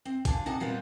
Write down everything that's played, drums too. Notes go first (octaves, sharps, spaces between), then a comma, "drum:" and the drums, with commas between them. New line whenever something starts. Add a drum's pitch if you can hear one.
C4
F3 D4 G#5, drum: kick, hi-hat
C3 A4 D#5 F#5
A#2 G3 G#3 B3 C4